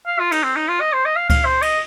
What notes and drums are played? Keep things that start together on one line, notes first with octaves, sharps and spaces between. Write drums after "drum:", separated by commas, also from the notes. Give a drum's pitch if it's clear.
F5
F4
D#4, drum: cymbal
C4
D#4
F4
D#5
C5
D#5
F5
F5, drum: kick C#2, cymbal
C5
D#5, drum: cymbal